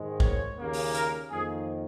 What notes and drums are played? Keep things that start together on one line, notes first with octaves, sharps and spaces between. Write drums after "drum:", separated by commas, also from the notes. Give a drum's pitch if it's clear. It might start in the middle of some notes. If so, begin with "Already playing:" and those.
Already playing: G#2 D#3 G#3
C#5, drum: kick
D#2 C#3 A#3
drum: open hi-hat
A#4, drum: hi-hat
F2 D#3 A#3 G#4